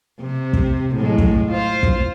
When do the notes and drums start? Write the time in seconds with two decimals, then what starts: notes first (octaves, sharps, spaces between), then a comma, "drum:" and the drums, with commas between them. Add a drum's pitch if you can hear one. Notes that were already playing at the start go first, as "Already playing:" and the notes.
0.21 C3
0.53 drum: kick
0.95 A2 F#3 G#3
1.18 drum: kick
1.50 F4 C5
1.83 drum: kick